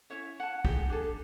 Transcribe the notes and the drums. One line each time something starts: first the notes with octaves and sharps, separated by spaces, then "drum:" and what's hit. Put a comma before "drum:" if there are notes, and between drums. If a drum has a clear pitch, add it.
C#4 E4 C#5 E5
F#5 A5
G4 G#4, drum: kick
D4 G#4 A4